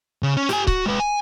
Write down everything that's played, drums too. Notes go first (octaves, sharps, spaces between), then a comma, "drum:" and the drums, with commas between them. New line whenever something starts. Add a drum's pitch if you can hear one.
C#3
C#4
G4 G#5, drum: snare
F#4, drum: kick C#1
G#3 B4
G#5